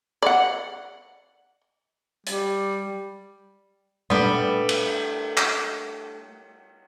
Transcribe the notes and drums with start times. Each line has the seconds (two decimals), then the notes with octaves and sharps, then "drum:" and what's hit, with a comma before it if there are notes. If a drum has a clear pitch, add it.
0.22 D5 F#5
2.26 G3, drum: hi-hat
4.10 G3 A3 B3 D4 B4, drum: tom A#2
4.69 drum: cymbal
5.37 drum: clap